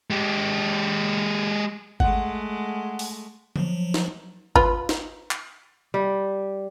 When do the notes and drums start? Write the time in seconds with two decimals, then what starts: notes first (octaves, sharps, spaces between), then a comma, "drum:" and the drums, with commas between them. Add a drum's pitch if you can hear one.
0.10 G#3 G4
2.00 G#3 A3 F#5, drum: kick G#1
2.99 drum: open hi-hat
3.56 F3 F#3, drum: tom D3
3.94 drum: snare
4.56 F4 B4, drum: kick G#1
4.89 drum: snare
5.31 drum: clap
5.94 G3